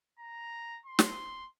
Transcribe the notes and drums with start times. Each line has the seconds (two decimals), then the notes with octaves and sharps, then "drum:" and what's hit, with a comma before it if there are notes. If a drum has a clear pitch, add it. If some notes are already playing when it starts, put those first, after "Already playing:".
0.19 A#5
0.85 C6
0.99 drum: snare